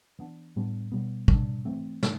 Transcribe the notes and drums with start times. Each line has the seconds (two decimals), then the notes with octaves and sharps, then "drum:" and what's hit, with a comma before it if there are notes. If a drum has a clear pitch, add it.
0.19 E3 B3 D4
0.56 A2 G3 B3 D4
0.92 B2 G3 B3
1.28 B2 G3 D4, drum: kick
1.65 E3 A3 C4
2.03 A3 D4, drum: snare